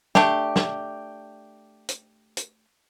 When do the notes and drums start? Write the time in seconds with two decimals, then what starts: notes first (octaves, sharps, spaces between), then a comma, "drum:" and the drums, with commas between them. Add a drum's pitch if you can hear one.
0.15 A3 D4 G4, drum: snare
0.56 drum: snare
1.89 drum: hi-hat
2.37 drum: hi-hat